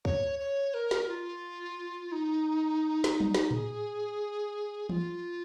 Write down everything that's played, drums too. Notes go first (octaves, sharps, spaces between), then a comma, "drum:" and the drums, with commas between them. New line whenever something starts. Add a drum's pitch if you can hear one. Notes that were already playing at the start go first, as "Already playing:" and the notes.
C#5, drum: kick
C#5
A#4
drum: snare
F4
D#4
drum: snare
drum: tom F#3
drum: snare
G#4, drum: tom A2
F4, drum: tom E3